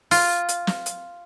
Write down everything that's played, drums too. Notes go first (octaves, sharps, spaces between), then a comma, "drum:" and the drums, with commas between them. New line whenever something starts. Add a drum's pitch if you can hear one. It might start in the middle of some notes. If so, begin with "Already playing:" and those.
F4, drum: open hi-hat
drum: hi-hat
drum: snare
drum: hi-hat